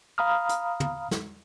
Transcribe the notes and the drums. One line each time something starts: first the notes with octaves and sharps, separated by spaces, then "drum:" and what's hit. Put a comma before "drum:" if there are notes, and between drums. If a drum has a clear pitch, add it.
F5 A#5 B5 D#6 F6
drum: hi-hat
drum: tom
drum: snare